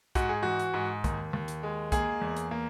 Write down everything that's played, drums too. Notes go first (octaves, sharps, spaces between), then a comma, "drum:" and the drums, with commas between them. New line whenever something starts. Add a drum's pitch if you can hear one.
G#2 F#4, drum: kick B1, hi-hat
G#4
E3 F#4
drum: hi-hat
G#2
D#2, drum: kick B1, hi-hat
D#2
drum: hi-hat
G#3
A#3 G#4, drum: kick B1, hi-hat
E2
drum: hi-hat
A#3